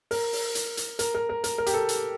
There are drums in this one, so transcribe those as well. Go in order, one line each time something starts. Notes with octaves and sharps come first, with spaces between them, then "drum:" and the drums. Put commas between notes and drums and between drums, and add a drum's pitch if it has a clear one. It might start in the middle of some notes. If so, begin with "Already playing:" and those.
A#4, drum: open hi-hat
drum: open hi-hat
drum: hi-hat
drum: hi-hat
A#4, drum: hi-hat
A#4
A#4
A#4, drum: hi-hat
A#4
G4, drum: hi-hat
A4
drum: hi-hat